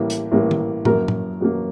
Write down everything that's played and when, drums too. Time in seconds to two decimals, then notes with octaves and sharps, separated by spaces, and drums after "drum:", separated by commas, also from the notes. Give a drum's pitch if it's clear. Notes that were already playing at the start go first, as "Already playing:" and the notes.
Already playing: A1 A2 G3 A#3
0.10 drum: hi-hat
0.32 A1 A2 G3 A#3
0.51 drum: tom
0.85 F#2 F#3 A#3 A#4, drum: tom A2
1.08 drum: tom A2
1.40 F#2 F#3 A#3